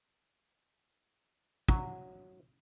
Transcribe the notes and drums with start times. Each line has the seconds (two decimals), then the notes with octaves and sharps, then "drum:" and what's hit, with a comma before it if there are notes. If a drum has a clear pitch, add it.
1.69 F#3, drum: kick